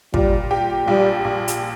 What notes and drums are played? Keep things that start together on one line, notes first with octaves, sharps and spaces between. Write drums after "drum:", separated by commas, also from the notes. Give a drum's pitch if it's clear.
A#2 G3, drum: kick
G4
A#1 G3
A#1
drum: hi-hat